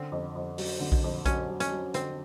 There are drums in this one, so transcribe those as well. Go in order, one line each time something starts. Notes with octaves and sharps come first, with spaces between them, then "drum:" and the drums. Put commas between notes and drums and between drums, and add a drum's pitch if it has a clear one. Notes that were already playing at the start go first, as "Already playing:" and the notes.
Already playing: D3 C4
F2
F2
F#3, drum: open hi-hat
D3
drum: kick A#1
F2
F#3 C#4, drum: kick A#1, hi-hat
F#3
C#4, drum: hi-hat
F#3
D3 C4, drum: hi-hat